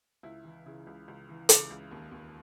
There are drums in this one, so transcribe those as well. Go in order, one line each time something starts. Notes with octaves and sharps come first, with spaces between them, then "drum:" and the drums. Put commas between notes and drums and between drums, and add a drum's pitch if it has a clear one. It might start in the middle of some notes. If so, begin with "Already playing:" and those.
C#2 E4
E3
C#3 E4
C#2
C#2
E3
C#3, drum: hi-hat
C#2
D#2
D#2